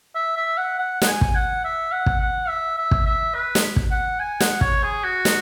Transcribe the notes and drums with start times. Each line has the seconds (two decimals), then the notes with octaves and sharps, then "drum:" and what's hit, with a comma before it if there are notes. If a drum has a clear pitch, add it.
0.15 E5
0.37 E5
0.58 F#5
0.78 F#5
1.02 F#5, drum: snare
1.07 G#5
1.21 drum: kick
1.35 F#5
1.64 E5
1.92 F#5
2.06 drum: kick
2.21 F#5
2.48 E5
2.78 E5
2.91 drum: kick
3.06 E5
3.34 B4
3.55 drum: snare
3.76 drum: kick
3.91 F#5
4.19 G#5
4.40 F#5, drum: snare
4.61 C#5, drum: kick
4.83 G#4
5.04 F#4
5.25 drum: snare